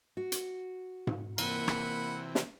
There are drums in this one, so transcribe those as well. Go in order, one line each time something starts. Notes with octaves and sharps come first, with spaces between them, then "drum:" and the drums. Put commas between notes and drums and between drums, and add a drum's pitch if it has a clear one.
F#4
drum: hi-hat
drum: tom G#2
C3 E3 A#3 F#5 B5, drum: cymbal
drum: rim click
drum: snare